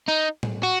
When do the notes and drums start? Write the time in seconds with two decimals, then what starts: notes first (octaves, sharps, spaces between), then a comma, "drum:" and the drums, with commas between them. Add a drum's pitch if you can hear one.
0.08 D#4
0.43 drum: tom A2
0.63 F#4